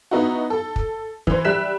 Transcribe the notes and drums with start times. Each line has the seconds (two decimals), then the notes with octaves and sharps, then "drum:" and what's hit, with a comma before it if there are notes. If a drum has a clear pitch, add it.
0.11 B3 D#4 E4 F#4
0.50 A4
0.76 drum: kick
1.27 E3 C5, drum: kick
1.45 G3 E5 F#6 B6 E7